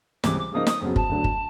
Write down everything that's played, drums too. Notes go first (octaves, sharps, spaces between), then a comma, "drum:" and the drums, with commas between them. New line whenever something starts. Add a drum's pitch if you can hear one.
C#2 C3 E3 G3 D6, drum: snare
D6
C#3 F3 A#3 D#4 D#6
D#6, drum: snare
F2 C#3 F#3 B3
A5, drum: kick
D2 D3 F#3
drum: kick